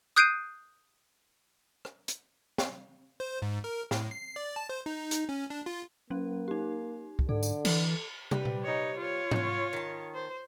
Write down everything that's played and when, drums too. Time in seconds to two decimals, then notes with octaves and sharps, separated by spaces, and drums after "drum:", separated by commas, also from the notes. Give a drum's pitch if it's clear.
0.16 D#6 F#6 G6 C7 D7 D#7
1.85 drum: rim click
2.08 drum: hi-hat
2.58 drum: snare
3.20 C5
3.42 G#2
3.64 A#4
3.91 A2, drum: snare
4.11 C7
4.36 D5
4.56 A5
4.69 C5
4.86 D#4
5.11 drum: hi-hat
5.29 C#4
5.50 D4
5.66 F4
6.10 F#3 A#3 C#4
6.48 D#4 G4
7.19 drum: kick
7.29 G#2 D3 A4
7.43 drum: tambourine
7.65 E3, drum: cymbal
8.31 G3 B4 C5, drum: tom
8.45 drum: tom A#2
8.63 D#4 C#5
8.98 F4 C#5
9.31 C#4 F#4, drum: tom G#2
9.73 D#3 A5
10.14 C5